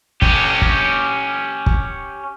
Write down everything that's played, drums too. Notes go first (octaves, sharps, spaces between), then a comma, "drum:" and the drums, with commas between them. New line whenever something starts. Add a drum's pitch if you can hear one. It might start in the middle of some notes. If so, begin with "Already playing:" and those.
C#4 G4, drum: kick
drum: kick
drum: kick